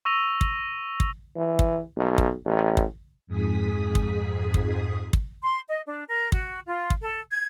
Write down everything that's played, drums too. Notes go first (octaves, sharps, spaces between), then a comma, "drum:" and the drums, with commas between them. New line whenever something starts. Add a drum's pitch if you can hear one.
C#6 E6 A#6 D#7 F7
drum: kick
drum: kick
E3
drum: kick
B1
drum: kick
A1
drum: kick
F2 G#2 G#4 D#6 B6
drum: kick
drum: kick
drum: kick
C6
D#5
D4
A#4
F#4, drum: kick
F4
drum: kick
A4
G#6